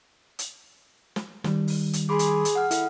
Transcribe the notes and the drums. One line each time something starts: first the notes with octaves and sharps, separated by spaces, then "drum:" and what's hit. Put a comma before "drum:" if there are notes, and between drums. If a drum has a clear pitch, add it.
drum: hi-hat
drum: snare
D#3 G3, drum: snare
drum: open hi-hat
drum: hi-hat
G#4 B5 C6 D6
drum: hi-hat
drum: hi-hat
F#5 F6
E4 A4, drum: hi-hat